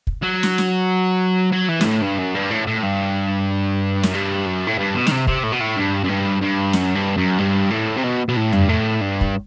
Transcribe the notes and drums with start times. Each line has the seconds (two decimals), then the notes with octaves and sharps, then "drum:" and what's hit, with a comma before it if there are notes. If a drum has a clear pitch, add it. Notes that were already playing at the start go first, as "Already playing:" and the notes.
0.07 drum: kick
0.23 F#3
0.43 drum: snare
0.58 drum: snare
1.53 F#3
1.69 E3
1.81 G2, drum: snare
1.85 A2
2.02 G2
2.18 F#2
2.34 G2
2.50 A2
2.67 A2
2.83 G2
4.03 F#2, drum: snare
4.13 G2
4.46 F#2
4.67 A2
4.78 G2
4.95 B2
5.07 D#3, drum: snare
5.11 C3
5.27 C3, drum: kick
5.43 A2
5.52 B2
5.60 A2
5.76 G2
6.03 F#2
6.08 G2
6.41 G2
6.73 F#2, drum: snare
6.95 G2
7.17 F#2
7.39 G2
7.71 A2
7.97 C3
8.04 B2
8.28 B2
8.37 A2
8.53 G2, drum: tom F2
8.69 A2
9.01 G2
9.21 drum: kick